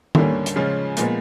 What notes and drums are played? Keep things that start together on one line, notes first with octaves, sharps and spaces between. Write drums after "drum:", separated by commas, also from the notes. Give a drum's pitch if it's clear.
D#2 D3 G3 A#3 C#4, drum: tom D#3
drum: hi-hat
C#3 F3 G#3 C#4 F4
A#2 F3 G#3 B3, drum: hi-hat